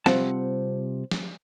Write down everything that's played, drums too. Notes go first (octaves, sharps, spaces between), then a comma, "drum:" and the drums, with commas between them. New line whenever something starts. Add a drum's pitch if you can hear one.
C3 G3 C4 F4 F#5 A5, drum: snare
drum: snare